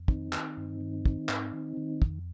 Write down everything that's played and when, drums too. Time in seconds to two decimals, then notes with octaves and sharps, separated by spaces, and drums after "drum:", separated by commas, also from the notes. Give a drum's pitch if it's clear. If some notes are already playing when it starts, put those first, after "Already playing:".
Already playing: F2
0.08 D#3 C4 D#4, drum: kick
0.33 D#3, drum: clap
0.57 G2
0.81 D#3
1.05 D#3, drum: kick
1.29 G#2, drum: clap
1.53 D#3
1.77 D#3
2.02 F2, drum: kick